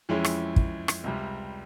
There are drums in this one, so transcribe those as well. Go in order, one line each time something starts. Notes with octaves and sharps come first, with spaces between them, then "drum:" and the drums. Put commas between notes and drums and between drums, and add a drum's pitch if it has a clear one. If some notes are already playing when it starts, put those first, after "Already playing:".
F2 E3 G#3 C#4 E4
drum: rim click
drum: kick
drum: rim click
C#2 C3 G3